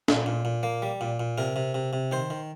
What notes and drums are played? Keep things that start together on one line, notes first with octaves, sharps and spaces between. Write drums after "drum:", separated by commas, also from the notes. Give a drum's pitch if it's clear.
A#2, drum: snare
A#2
A#2
A#3
G3
A#2
A#2
C3 A#4
C3
C3
C3
D#3 C5
D#3